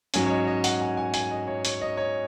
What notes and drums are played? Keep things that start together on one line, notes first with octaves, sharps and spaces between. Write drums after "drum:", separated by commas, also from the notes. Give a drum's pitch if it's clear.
G#2 F#3 C#4 G#5, drum: hi-hat
C#5
D#5
D#5
F#5, drum: hi-hat
G#5
G#5
G#5, drum: hi-hat
D#5
C#5
C#5, drum: hi-hat
D#5
C#5